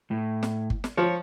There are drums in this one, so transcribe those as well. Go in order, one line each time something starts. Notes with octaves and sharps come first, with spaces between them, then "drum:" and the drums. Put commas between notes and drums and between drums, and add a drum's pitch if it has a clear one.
A2
drum: snare
drum: kick G1
drum: snare
F3 C#5